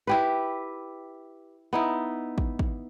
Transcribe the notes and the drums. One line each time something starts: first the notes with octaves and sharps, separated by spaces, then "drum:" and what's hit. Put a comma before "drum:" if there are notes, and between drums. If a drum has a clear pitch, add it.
E4 G4 B4
B3 D#4 E4
drum: kick
drum: kick